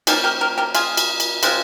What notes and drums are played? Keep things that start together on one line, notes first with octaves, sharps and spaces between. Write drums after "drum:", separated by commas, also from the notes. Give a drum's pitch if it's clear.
F3 A#3 C#4 D#4 G4, drum: cymbal
G4 A#4
G4 A#4
G4 A#4
F4 G#4, drum: cymbal
drum: cymbal
drum: cymbal
C#3 G#3 C4, drum: cymbal